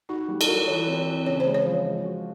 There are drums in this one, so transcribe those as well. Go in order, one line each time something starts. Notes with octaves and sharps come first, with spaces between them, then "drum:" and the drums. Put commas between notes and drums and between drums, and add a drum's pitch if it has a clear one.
D#4 F#4
G3
A4, drum: cymbal
F#4 A#4
E3 C#5
C4
E3
C#3 C#5
C5
G#3
C#5
F3
G#3
F#4